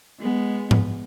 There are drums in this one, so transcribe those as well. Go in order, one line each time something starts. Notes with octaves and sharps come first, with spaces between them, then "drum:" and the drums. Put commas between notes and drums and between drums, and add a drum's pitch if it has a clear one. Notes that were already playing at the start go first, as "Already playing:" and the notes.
G#3 B3
drum: tom G#2